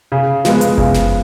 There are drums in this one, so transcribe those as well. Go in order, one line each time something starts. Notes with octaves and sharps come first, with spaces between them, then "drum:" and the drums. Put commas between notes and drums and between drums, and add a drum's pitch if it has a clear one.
C#3
F3 G#3 B3, drum: snare
drum: hi-hat
C#3, drum: kick F#1
drum: snare